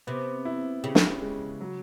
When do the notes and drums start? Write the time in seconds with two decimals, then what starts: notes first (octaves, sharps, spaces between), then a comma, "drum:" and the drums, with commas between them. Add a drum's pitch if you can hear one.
0.07 C3 B3
0.45 E4
0.84 C#3 G4
0.95 drum: snare
1.22 G#3
1.61 F#3